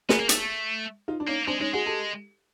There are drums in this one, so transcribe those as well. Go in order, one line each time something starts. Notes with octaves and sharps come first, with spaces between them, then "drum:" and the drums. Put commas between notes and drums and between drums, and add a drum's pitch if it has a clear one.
B3 G#4 A#4, drum: snare
A#3
A3, drum: hi-hat
D#4 F4
D4
A#3 C#4 D#4
G#3 C4 D4
G#3 C#4 D#4
G#3 F#4 G#4
G4 A4